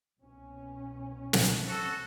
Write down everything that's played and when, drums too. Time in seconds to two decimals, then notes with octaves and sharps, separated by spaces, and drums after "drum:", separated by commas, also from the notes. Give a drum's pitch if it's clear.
0.20 C2 B2 C#4
1.33 drum: snare
1.69 F#4 A4